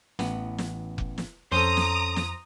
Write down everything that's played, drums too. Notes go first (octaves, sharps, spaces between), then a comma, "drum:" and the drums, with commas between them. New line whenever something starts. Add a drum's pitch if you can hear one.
A1 B3, drum: snare
drum: snare
drum: kick F1
drum: snare
F2 C#4 A4 C5 A#5 D#6
drum: snare
drum: snare